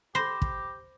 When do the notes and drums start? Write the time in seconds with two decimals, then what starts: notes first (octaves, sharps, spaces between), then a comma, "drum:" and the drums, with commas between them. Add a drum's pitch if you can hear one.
0.15 G4 C5 B5 A#6
0.42 drum: kick